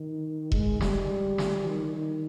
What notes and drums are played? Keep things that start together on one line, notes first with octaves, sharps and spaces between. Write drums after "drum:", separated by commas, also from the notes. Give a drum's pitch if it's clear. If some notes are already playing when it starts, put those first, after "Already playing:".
Already playing: D#3
G#3, drum: kick E1
G3, drum: snare
drum: snare
D#3
D#3